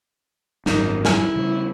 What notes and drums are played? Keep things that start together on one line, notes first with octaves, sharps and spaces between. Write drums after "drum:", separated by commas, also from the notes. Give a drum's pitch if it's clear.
G#1 F#2 A#3 D#4, drum: snare
E4 A#4 G#5 F6, drum: snare
C#3 G3